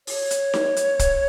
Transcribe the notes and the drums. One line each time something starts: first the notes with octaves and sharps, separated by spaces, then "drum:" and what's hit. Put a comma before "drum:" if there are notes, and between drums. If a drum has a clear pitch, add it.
C#5, drum: open hi-hat
drum: hi-hat
drum: snare D#4
drum: hi-hat
drum: kick, hi-hat